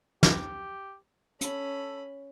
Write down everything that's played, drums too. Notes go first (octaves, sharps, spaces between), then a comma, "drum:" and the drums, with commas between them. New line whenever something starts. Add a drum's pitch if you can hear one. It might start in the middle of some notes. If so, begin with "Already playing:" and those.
G4, drum: snare
C#4 A4 B5, drum: hi-hat